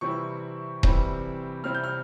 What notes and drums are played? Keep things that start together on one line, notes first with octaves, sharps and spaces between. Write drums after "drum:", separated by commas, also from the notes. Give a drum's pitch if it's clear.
C3 E3 G3 C4 E4 C#6
C3 E3 G3 C4 E4, drum: kick D#1
C3 G3 C4 E4 F6
G6
F6